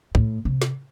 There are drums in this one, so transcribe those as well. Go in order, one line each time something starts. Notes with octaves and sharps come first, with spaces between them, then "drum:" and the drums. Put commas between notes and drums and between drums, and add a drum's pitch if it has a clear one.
A2, drum: kick
C3
drum: snare